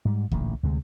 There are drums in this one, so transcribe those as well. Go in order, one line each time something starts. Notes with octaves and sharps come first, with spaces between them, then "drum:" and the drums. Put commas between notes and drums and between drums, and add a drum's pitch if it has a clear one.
G#2 G3
A1 A#2 D3, drum: kick C#2
D2 C3 G#3